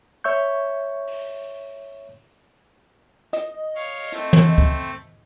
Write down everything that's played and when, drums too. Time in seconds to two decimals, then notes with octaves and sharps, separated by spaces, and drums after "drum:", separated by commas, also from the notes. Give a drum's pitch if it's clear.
0.24 C#5 E5 C#6 G6
1.07 drum: open hi-hat
3.33 D#5, drum: hi-hat
3.76 C#5 F5, drum: open hi-hat
3.97 drum: open hi-hat
4.12 A3 C4, drum: hi-hat
4.33 drum: tom
4.58 drum: kick